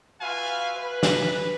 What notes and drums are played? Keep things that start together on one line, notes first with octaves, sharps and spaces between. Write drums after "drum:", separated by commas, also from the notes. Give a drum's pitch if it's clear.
F4 F#4 B4 E5 F5 G#5
B4
drum: snare